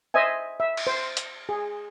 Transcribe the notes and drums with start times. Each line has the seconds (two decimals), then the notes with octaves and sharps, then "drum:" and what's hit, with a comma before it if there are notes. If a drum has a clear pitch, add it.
0.14 C5 D#5 E5 G#5
0.60 E5
0.77 drum: cymbal
0.87 C5
1.17 drum: hi-hat
1.49 G#4